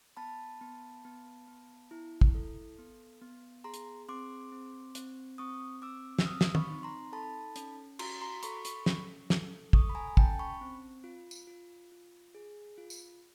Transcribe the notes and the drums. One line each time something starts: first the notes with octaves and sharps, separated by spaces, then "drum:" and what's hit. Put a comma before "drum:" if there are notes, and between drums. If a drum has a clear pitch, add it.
B3 A5 B5
B3
B3
B3
E4
drum: kick
A4
B3
B3
G#4 A#5 C6
drum: hi-hat
C4 C6 D6
C4
C4, drum: hi-hat
C4 C#6 D#6
C4 D6 E6
E6, drum: snare
C4 D#6 F6
drum: snare
B5 C#6, drum: tom
D#4
A#5 C6
A4 A5 B5
C#4, drum: hi-hat
F#4 A#5 C6, drum: cymbal
A#5 C6
A4 B5 C#6, drum: hi-hat
B5 C#6, drum: hi-hat
C#4, drum: snare
A4, drum: snare
A4 C#6 D#6, drum: kick
B5
G#5 A#5
G#5
C#4 G5 A5, drum: kick
B5 C#6
C4
F4
drum: tambourine
F4
F4
G#4
F4
drum: tambourine